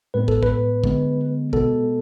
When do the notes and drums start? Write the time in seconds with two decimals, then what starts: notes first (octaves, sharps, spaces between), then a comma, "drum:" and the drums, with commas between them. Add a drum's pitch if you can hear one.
0.14 A2 G#3 B3 B4
0.28 A4, drum: kick
0.43 B4, drum: kick
0.84 D3 G#3 B3, drum: kick
1.53 B2 G#3 B3 A4, drum: kick